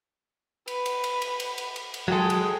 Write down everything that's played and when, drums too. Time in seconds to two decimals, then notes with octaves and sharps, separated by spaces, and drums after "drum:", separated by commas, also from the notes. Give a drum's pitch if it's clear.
0.68 B4, drum: cymbal
0.86 drum: cymbal
1.04 drum: cymbal
1.22 drum: cymbal
1.40 drum: cymbal
1.58 drum: cymbal
1.76 drum: cymbal
1.94 drum: cymbal
2.08 F#3 G#3 A4 G5
2.30 drum: cymbal